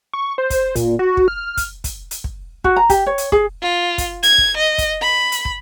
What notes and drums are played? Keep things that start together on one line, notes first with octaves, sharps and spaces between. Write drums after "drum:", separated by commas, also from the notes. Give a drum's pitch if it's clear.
C#6
C5
drum: kick, hi-hat
A#2, drum: kick, hi-hat
F#4
drum: kick
F6
drum: kick, hi-hat
drum: kick, hi-hat
drum: hi-hat
drum: kick
F#4, drum: kick
A#5
G4, drum: kick, hi-hat
C#5
drum: hi-hat
G#4, drum: kick
F4
drum: kick, hi-hat
G#6, drum: hi-hat
drum: kick
D#5
drum: kick, hi-hat
B5
drum: hi-hat
drum: kick